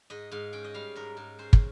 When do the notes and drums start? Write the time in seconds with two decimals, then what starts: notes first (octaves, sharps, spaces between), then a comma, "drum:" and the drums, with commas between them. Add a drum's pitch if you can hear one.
0.10 G#2 D#5
0.32 G#2 F5
0.53 C#4 G5
0.64 D#5
0.74 G3 F5
0.96 G#2 A#4
1.17 G#2
1.39 C#4 C5
1.53 drum: kick